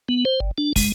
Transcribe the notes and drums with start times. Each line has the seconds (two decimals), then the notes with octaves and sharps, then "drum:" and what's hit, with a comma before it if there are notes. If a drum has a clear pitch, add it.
0.09 B3
0.25 C5
0.40 G1
0.58 D4
0.76 G#3, drum: kick, open hi-hat